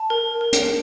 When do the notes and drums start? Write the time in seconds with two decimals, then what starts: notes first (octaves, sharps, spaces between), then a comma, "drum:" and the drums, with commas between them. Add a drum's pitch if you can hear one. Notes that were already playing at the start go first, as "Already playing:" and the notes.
Already playing: A5
0.10 A#4
0.41 A#4
0.53 drum: hi-hat